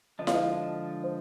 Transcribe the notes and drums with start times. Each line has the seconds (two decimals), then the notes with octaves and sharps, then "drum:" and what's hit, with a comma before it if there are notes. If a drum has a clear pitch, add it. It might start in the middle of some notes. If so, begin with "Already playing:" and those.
0.19 D3 F3 G#3 D4 D#5
0.27 F5, drum: snare E4
0.35 D#5
1.04 C5